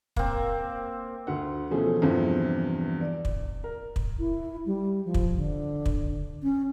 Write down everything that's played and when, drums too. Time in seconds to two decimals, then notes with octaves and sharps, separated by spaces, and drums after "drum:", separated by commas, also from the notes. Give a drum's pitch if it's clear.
0.16 A#3 C4, drum: kick
1.27 D2 F#5
1.70 B2 E3 F3 A3 C#4 G#4
2.02 E2 G2 C3 E3 F3
3.01 D5
3.25 drum: kick
3.64 A#4
3.96 drum: kick
4.19 E4
4.66 G3
5.05 F3
5.14 drum: kick
5.37 D3
5.86 drum: kick
6.43 C#4